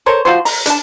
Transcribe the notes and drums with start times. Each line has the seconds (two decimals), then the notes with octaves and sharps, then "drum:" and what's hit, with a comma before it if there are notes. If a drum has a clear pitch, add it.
0.06 A4 A#4 C5 C#5
0.25 F3 F4 F#4 C5
0.45 A#5, drum: open hi-hat
0.66 D4 A5, drum: hi-hat